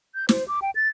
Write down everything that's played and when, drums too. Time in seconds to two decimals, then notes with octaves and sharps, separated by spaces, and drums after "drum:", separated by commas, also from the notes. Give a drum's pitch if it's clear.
0.15 G6
0.29 C5, drum: snare
0.48 D6
0.62 G5
0.75 A6